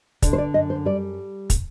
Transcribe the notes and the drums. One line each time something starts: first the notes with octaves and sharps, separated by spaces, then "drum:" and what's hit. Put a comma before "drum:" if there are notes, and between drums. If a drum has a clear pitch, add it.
D3 D5, drum: kick, hi-hat
C5
D5
F#2 D#5
C5
G3 D5
drum: kick, hi-hat